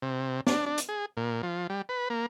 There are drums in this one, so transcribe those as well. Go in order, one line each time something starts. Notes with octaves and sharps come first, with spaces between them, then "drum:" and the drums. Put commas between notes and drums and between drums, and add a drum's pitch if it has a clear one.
C3
D4, drum: snare
D4
drum: hi-hat
G#4
A#2
F3
G3
B4
A#3